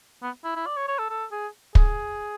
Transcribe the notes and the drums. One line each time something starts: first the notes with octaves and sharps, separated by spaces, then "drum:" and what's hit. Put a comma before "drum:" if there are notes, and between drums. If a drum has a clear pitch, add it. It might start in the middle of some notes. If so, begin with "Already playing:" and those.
B3
E4
E4
D5
C#5
C#5
A4
A4
G#4
G#4, drum: kick